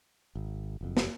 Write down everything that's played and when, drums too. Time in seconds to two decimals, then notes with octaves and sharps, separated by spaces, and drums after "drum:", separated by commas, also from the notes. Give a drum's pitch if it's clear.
0.35 G#1
0.81 F#1 F2
0.97 drum: snare